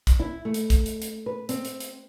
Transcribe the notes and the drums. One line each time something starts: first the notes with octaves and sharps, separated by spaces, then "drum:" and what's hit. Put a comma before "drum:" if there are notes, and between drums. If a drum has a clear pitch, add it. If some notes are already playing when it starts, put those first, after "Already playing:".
drum: kick, hi-hat
E4
A3
drum: hi-hat
drum: kick, hi-hat
drum: hi-hat
drum: hi-hat
B4
C4, drum: hi-hat
drum: hi-hat
drum: hi-hat